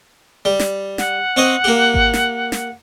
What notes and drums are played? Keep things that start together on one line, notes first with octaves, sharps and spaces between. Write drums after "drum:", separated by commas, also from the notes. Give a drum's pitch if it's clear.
G3
drum: snare
F#5, drum: snare
C4 C#5 D#5
A#3 G4
drum: kick G#1
drum: snare
drum: snare